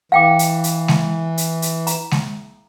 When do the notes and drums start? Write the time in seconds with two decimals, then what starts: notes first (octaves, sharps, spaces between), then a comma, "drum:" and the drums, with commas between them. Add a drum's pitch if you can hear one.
0.12 E3 F5 G5 D6
0.39 drum: hi-hat
0.64 drum: hi-hat
0.88 drum: snare G#3
1.38 drum: hi-hat
1.62 drum: hi-hat
1.87 A#5, drum: hi-hat
2.11 drum: snare G#3